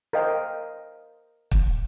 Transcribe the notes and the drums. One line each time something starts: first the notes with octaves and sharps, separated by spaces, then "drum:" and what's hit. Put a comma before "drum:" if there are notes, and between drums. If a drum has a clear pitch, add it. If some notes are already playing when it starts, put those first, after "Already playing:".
A#4 C5 D#5 F5 G5
drum: kick